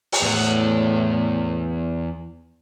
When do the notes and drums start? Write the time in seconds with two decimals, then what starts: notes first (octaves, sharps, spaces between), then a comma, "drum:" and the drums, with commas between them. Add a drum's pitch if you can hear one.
0.12 drum: open hi-hat
0.22 E2 A2 F#5